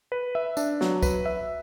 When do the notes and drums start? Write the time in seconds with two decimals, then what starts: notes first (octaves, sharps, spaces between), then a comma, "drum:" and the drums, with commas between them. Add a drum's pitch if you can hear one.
0.12 B4
0.35 E5
0.57 D4, drum: tambourine
0.81 F#3, drum: snare
1.03 B4, drum: kick, tambourine
1.26 E5